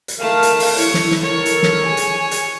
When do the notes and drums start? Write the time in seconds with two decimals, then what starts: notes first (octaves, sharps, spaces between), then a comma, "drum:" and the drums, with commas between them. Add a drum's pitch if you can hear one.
0.08 drum: hi-hat
0.20 A3 A#4 F5 A5
0.43 drum: hi-hat
0.60 drum: open hi-hat
0.77 E4 C#5, drum: hi-hat
0.94 drum: snare
1.11 drum: snare
1.22 A4 A#4 C#5
1.46 drum: hi-hat
1.63 drum: snare
1.87 G#4 G#5
1.97 drum: hi-hat
2.31 drum: hi-hat